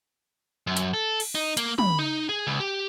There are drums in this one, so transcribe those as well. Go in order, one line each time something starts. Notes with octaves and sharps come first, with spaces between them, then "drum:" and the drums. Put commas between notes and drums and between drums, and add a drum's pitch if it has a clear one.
F#2
drum: hi-hat
A4
drum: cymbal
D#4
A#3, drum: hi-hat
B5, drum: tom
D#4
G#4
C#2
G4